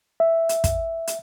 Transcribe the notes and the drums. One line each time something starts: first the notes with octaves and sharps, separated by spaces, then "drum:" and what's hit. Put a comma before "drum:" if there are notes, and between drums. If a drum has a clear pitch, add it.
E5
drum: hi-hat
drum: kick, hi-hat
drum: hi-hat